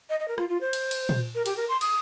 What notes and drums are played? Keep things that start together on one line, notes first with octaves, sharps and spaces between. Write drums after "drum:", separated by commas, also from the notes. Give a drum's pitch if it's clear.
D#5
D#5
A#4
F4, drum: rim click
F4
C5
drum: cymbal
drum: cymbal
drum: tom A#2
A#4
G4, drum: cymbal
A#4
C6
D#6, drum: cymbal